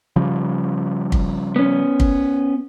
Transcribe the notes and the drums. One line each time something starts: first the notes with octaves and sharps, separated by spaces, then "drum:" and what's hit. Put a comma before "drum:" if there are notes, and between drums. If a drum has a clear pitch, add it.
C#3 F3 G3
drum: kick
B3 C#4
drum: kick